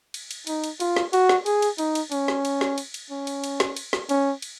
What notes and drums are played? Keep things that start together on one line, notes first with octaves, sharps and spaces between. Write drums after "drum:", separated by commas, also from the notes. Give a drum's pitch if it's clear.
drum: cymbal
drum: cymbal
D#4, drum: cymbal
drum: cymbal
F4, drum: cymbal
drum: snare
F#4, drum: cymbal
drum: snare
G#4, drum: cymbal
drum: cymbal
D#4, drum: cymbal
drum: cymbal
C#4, drum: cymbal
drum: snare
drum: cymbal
drum: snare
drum: cymbal
drum: cymbal
C#4
drum: cymbal
drum: cymbal
drum: snare
drum: cymbal
drum: snare
C#4, drum: cymbal
drum: cymbal